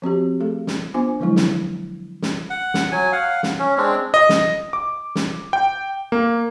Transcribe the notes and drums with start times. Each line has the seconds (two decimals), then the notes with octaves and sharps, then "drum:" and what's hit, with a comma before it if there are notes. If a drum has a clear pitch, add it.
0.02 F3 C4 F#4 G4
0.40 A3 G#4 A4
0.67 drum: snare
0.94 B3 D4 F4 C5 G#5
1.20 D3 F3 F#3 G#3 E4
1.36 drum: snare
2.22 drum: snare
2.50 F#5
2.74 drum: snare
2.92 F#3 G#5
3.12 F5 F#5
3.43 drum: snare
3.59 C#4
3.78 G#3 C4 D4
4.14 D#5
4.29 drum: snare
4.73 D6
5.15 drum: snare
5.53 G5
6.12 A#3